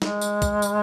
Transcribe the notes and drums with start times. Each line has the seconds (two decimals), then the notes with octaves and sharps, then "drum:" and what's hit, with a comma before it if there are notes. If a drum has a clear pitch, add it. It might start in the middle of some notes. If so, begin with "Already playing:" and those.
0.02 G#3, drum: snare
0.21 drum: tambourine
0.42 drum: kick, tambourine
0.62 drum: tambourine